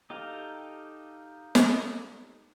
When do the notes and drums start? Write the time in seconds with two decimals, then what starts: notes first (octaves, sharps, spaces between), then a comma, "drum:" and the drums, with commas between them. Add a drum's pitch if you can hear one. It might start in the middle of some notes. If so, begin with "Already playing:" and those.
0.10 D#4 G4 A4 F5 A#5
1.55 drum: snare